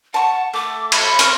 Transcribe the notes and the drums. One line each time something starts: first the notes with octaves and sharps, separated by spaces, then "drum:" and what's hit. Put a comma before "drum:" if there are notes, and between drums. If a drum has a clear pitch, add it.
F#5 A5 C#6
A3 D6
B5, drum: cymbal
C4 C#6 F6, drum: hi-hat